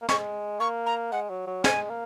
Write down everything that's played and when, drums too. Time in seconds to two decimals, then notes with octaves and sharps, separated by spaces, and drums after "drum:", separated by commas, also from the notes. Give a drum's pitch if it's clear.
0.01 A#3
0.09 G#3 C#6, drum: snare
0.60 A#3 C#6
0.86 A#5
1.12 G#3 F#5
1.30 F#3
1.47 F#3
1.64 G#3 G#5, drum: snare
1.90 A#3